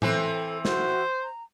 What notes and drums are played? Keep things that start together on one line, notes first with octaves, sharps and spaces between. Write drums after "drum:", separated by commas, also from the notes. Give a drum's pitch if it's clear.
E3 C4 A4 B4, drum: tom A2
F#4 C5, drum: snare
A#5